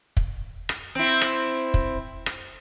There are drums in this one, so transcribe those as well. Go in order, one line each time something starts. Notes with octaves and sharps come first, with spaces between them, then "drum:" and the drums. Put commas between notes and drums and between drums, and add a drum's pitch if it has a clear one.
drum: kick
drum: rim click
C4 E4
drum: rim click
drum: kick
drum: rim click